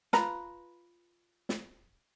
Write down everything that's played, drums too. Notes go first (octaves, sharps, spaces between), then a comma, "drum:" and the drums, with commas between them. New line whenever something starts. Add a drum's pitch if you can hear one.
F4 B4 A#5 B5, drum: snare
drum: snare